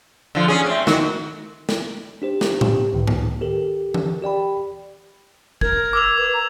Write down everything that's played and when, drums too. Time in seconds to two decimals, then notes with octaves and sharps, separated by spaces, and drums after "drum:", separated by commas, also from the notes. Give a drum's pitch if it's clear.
0.35 D3 F3
0.48 C#4 G#4
0.66 A3 C4
0.87 D#3 F#4, drum: snare
1.69 drum: snare
2.22 D4 G4 C5
2.41 drum: snare
2.61 G4, drum: tom A2
2.93 C#2 A2 D#3
3.07 drum: tom G#2
3.41 G4 A4 A#4
3.94 drum: tom E3
4.22 G4 D5 G5 B5
5.61 A#4 G#6, drum: kick
5.93 D6 E6 F7
6.18 B4 D6
6.34 A#5